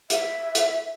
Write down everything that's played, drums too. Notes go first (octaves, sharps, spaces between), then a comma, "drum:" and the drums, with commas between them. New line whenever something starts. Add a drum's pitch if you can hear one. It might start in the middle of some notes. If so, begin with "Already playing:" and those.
E5, drum: hi-hat
drum: hi-hat